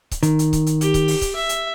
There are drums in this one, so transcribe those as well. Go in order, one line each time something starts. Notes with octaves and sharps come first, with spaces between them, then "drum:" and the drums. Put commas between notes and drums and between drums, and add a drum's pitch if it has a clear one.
drum: kick C#1, hi-hat
D#3, drum: hi-hat
drum: hi-hat
drum: kick C#1, hi-hat
drum: hi-hat
G4, drum: hi-hat
drum: kick C#1, hi-hat
drum: open hi-hat
drum: kick C#1, hi-hat
E5
drum: hi-hat